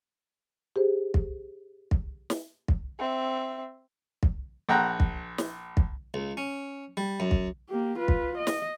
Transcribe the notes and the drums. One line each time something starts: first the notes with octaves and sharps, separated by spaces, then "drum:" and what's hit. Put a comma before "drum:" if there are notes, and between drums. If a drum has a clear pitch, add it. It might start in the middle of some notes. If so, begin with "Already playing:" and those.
G4 G#4 C5
drum: kick
drum: kick
drum: snare
drum: kick
C4 E5
drum: kick
A#1 F#5 G5 A#5
drum: kick
drum: snare
drum: kick
C#2
C#4
G3
F#2
drum: kick
A#3 G4
F4 B4
drum: kick
D#5
drum: snare